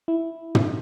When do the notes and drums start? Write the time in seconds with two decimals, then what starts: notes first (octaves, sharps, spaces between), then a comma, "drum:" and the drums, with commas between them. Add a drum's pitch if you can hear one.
0.08 E4
0.55 drum: tom